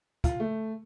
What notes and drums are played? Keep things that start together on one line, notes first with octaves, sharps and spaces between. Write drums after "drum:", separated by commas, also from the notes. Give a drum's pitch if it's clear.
F4, drum: kick, hi-hat
A3